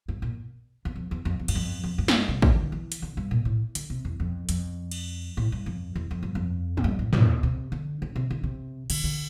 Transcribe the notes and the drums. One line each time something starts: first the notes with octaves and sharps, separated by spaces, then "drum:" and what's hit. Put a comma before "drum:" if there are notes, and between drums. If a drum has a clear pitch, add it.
G2
A#2
E2
F2
E2
F2
E2
G2, drum: cymbal
F2
F2
G2
drum: snare
C3
D3, drum: kick
E3
drum: hi-hat
D3
G2
A#2
A2
D3, drum: hi-hat
C3
E2
F2
F2, drum: hi-hat
drum: cymbal
A2
G2
F2
E2
F2
G2
F2
A2, drum: tom
G2
A2
A#2, drum: tom
C3
D3
D3
C3
D3
C3
D3, drum: cymbal
D3